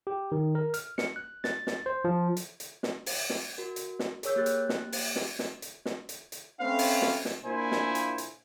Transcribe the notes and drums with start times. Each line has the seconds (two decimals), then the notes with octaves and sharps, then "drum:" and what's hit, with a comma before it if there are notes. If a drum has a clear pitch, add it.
0.07 G4
0.32 D#3
0.55 A#4
0.74 F6, drum: hi-hat
0.98 C#7, drum: snare
1.16 F#6
1.44 A6, drum: snare
1.67 drum: snare
1.86 C5
2.05 F3
2.37 drum: hi-hat
2.60 drum: hi-hat
2.83 drum: snare
3.06 drum: open hi-hat
3.30 drum: snare
3.58 F#4 A#4
3.76 drum: hi-hat
3.99 drum: snare
4.23 G#4 A#4 C#5 E6 G6, drum: hi-hat
4.36 A#3 G4 F#6 A6
4.46 drum: hi-hat
4.69 drum: snare
4.92 drum: open hi-hat
5.16 drum: snare
5.39 drum: snare
5.62 drum: hi-hat
5.86 drum: snare
6.09 drum: hi-hat
6.32 drum: hi-hat
6.60 A3 C4 C#4 B4 F5
6.79 drum: open hi-hat
7.02 drum: snare
7.25 drum: snare
7.44 A#2 A#3 D4 E4 C5 G#5
7.72 drum: snare
7.95 drum: hi-hat
8.18 drum: hi-hat